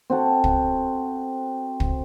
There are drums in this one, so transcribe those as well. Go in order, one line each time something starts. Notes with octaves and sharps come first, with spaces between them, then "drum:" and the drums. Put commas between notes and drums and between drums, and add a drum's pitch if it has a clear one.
C4 F#4 A4
drum: kick
drum: kick